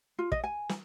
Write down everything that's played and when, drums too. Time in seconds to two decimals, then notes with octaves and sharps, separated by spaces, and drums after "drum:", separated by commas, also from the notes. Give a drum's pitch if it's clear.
0.19 F4
0.32 D#5, drum: kick
0.44 G#5
0.69 drum: snare